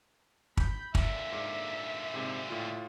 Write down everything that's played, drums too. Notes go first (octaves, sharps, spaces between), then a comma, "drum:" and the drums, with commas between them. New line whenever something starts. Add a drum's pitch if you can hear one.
B5 G6, drum: kick
A#2 D3 E5, drum: kick
G#2
G#2 C3 C5
A2 F4